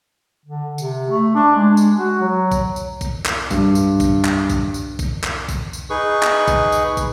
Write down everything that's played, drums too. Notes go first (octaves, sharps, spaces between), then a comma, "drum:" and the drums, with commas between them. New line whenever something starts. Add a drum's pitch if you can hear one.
D3
C3, drum: tambourine
A3
D4
G#3
drum: tambourine
F#4
F#3
drum: kick, tambourine
drum: tambourine
drum: kick, tambourine
drum: clap
G2, drum: kick, tambourine
drum: tambourine
drum: kick, tambourine
drum: clap
drum: kick, tambourine
drum: tambourine
drum: kick, tambourine
drum: clap
drum: kick, tambourine
drum: tambourine
D#4 G#4 B4 C#6
drum: clap
drum: kick, tambourine
drum: tambourine
drum: kick, tambourine